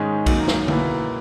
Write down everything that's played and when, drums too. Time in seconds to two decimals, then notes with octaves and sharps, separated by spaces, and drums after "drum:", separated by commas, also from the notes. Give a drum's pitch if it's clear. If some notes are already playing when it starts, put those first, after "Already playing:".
Already playing: G#2 D#3 G#3 C#4 G#4
0.26 F#2 D#3 F#3 A#3, drum: kick, cymbal
0.48 drum: snare
0.68 C#2 B2 A#3 E4 B4, drum: tom D3